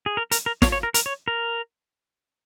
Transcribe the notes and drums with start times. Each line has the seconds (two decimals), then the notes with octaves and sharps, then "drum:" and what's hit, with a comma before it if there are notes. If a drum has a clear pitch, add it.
0.06 G#4
0.17 A#4
0.31 A#4, drum: hi-hat
0.46 A#4
0.62 C#5, drum: snare
0.72 C#5
0.83 A#4
0.94 A#4, drum: hi-hat
1.06 C#5
1.28 A#4